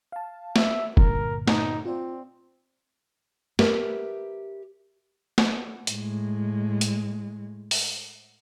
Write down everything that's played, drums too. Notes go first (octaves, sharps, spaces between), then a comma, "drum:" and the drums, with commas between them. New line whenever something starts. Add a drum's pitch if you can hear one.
F5 A5
E5, drum: snare
G2 A#2 D3 A#4, drum: kick F1
D#4, drum: snare
C4 F4 D5
G4 A#4 B4 E5, drum: snare
drum: snare
A2 G#3, drum: hi-hat
drum: hi-hat
drum: open hi-hat